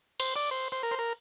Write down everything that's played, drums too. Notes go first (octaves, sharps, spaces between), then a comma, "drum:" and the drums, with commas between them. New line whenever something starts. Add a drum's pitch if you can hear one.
C5, drum: cymbal
D5
C5
C5
A#4
C5
A#4